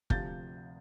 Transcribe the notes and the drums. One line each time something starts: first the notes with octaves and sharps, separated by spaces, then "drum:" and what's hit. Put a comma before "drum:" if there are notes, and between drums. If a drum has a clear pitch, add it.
D2 C3 F3 G6 A6, drum: kick